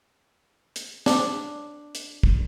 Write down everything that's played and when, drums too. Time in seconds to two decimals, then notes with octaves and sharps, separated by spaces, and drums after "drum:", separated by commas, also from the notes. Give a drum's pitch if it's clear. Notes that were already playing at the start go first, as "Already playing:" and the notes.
0.76 drum: hi-hat
1.06 D4, drum: snare
1.95 drum: hi-hat
2.23 drum: kick